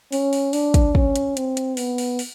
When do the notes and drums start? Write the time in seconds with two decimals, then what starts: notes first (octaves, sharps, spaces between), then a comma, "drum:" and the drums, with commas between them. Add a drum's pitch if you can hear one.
0.12 C#4, drum: open hi-hat
0.33 drum: open hi-hat
0.53 D4, drum: open hi-hat
0.74 drum: kick, hi-hat
0.95 C#4, drum: kick
1.16 drum: hi-hat
1.37 C4, drum: hi-hat
1.57 drum: hi-hat
1.77 B3, drum: open hi-hat
1.98 drum: open hi-hat
2.19 drum: open hi-hat